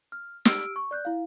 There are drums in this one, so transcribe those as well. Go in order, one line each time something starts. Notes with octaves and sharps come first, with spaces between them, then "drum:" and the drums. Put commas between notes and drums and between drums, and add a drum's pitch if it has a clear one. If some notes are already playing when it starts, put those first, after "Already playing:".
F6
G4 E6 F6 D7, drum: snare
C#6
D5 F#6 G6
E4 F5